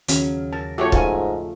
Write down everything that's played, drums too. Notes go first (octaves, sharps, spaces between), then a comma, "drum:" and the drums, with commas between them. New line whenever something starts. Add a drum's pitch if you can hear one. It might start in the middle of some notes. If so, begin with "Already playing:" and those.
D#2 C#3 F#3 C#4 F6, drum: hi-hat
A#4 A5
F3 A3 F#4 G4 C#5
G#2 F4 G#5, drum: kick C#1